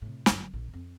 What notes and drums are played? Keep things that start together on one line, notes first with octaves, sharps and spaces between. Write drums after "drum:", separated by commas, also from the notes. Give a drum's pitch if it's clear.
A2 C3
G1 F#2, drum: snare
A#1 A#2
F2 C4